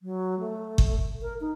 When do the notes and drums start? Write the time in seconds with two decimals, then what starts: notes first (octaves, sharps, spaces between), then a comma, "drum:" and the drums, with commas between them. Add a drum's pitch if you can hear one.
0.02 F#3
0.40 A3
0.78 drum: kick G1
1.22 A#4
1.41 D#4